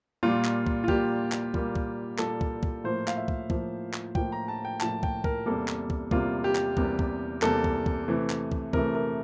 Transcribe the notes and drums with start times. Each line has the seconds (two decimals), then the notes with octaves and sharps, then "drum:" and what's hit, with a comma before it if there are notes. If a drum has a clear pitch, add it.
0.23 A#2 G3 A#3 F4
0.45 drum: clap
0.66 drum: kick
0.84 F4
0.88 A#2 G3 A#3 G4, drum: kick
1.32 drum: clap
1.54 A#2 G3 A#3, drum: kick
1.75 drum: kick
2.18 A#2 G3 A#3 A4, drum: clap
2.41 drum: kick
2.63 drum: kick
2.84 A2 F3 A#3 C5
3.08 F5, drum: clap
3.17 E5
3.28 drum: kick
3.50 A2 F3 A#3, drum: kick
3.94 drum: clap
4.15 A2 F3 A#3 G5, drum: kick
4.32 A#5
4.48 A5
4.65 G5
4.81 A2 F3 A#3 A5, drum: clap
5.03 G5, drum: kick
5.24 A#4, drum: kick
5.46 E2 C3 G3 A#3 A4
5.68 drum: clap
5.90 drum: kick
6.11 E2 C3 G3 A#3 F4, drum: kick
6.44 G4
6.55 drum: clap
6.77 E2 C3 G3 A#3, drum: kick
6.99 drum: kick
7.42 E2 C3 G3 A#3 A4, drum: clap
7.64 drum: kick
7.86 drum: kick
8.08 C3 E3 A3
8.30 drum: clap
8.52 drum: kick
8.73 C3 E3 A3 A#4, drum: kick
8.95 A#4